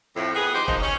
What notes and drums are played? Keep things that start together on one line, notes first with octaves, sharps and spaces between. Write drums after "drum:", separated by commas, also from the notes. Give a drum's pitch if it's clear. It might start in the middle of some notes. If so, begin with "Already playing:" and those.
F2 A2
G3 B3 G#4
D#4 G4 C5
D#3 F3 D#4, drum: kick E1
C#4